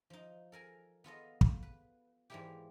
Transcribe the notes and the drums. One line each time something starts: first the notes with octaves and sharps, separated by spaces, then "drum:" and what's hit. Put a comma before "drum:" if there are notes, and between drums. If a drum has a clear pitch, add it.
F3 D#4
A4 A#4 G#5
B3 F4 A4 D#5
drum: kick
B4
G#2 E3 G3 A#3 E4 G4